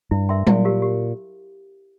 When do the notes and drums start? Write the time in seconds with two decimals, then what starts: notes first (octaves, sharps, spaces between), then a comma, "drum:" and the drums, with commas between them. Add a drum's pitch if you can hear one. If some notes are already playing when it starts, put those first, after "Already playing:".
0.11 G2 E4
0.29 A#4 E5 G5 C6
0.47 A#2 E4, drum: tom F#3
0.65 G4 A#4 F5
0.82 G4